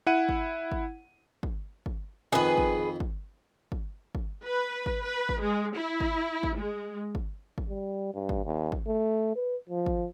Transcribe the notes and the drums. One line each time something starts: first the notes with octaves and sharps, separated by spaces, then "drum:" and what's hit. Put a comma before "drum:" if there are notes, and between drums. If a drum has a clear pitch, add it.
E4 F#5 D#7
drum: kick
drum: kick
drum: kick
drum: kick
F2 D#3 G#4 B4
drum: kick
drum: kick
drum: kick
drum: kick
B4
drum: kick
B4
drum: kick
G#3
E4
drum: kick
drum: kick
G#3
drum: kick
drum: kick
G3
G2
drum: kick
D#2
drum: kick
A3
B4
F3
drum: kick